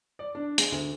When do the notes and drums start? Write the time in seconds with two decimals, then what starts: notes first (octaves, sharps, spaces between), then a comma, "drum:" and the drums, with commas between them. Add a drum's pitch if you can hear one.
0.19 D5
0.35 D4
0.58 G#3, drum: hi-hat
0.72 D2